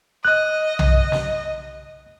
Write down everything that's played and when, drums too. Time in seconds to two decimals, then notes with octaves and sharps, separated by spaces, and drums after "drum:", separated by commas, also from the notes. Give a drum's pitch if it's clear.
0.25 D#5 F#6
0.79 drum: tom B1
1.12 drum: snare